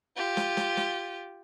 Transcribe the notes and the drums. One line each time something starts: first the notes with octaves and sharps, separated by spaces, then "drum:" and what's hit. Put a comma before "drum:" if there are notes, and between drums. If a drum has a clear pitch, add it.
F4 G4
drum: snare
drum: snare
drum: snare